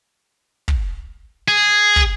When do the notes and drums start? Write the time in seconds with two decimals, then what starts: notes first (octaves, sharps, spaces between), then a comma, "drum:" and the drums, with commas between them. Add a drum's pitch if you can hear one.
0.68 drum: kick
1.48 G#4
1.96 drum: kick